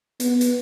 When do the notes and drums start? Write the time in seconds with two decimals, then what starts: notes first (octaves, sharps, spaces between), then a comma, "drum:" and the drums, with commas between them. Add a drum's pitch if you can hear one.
0.20 B3, drum: hi-hat
0.41 drum: hi-hat